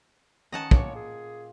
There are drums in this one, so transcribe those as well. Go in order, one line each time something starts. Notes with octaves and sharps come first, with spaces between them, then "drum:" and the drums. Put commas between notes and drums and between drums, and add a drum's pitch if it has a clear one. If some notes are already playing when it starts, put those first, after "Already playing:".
D#3 C#4 D#4 D#5 F#5 A5
A#2 C#5 D6, drum: kick
G#4